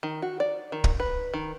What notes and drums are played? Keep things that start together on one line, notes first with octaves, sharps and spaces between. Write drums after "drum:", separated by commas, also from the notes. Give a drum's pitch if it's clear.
D#3
F#4
D5
D#3
drum: kick
B4
D#3